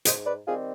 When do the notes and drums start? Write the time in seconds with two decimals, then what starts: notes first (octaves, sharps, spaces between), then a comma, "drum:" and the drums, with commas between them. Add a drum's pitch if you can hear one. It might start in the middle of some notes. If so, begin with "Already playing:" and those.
0.05 G#2 C5 D#5, drum: hi-hat
0.26 B4 D5
0.47 D#3 G3 C4 F4 G#4